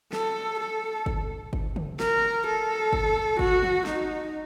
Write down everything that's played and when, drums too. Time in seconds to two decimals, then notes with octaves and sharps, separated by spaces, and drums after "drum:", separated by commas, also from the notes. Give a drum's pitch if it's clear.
0.13 A4, drum: snare
0.59 A4
1.06 drum: kick G1
1.53 drum: kick G1
1.76 drum: tom
2.00 A#4, drum: snare
2.46 A4
2.93 drum: kick G1
3.39 F#4, drum: kick G1
3.63 drum: tom
3.86 D#4, drum: snare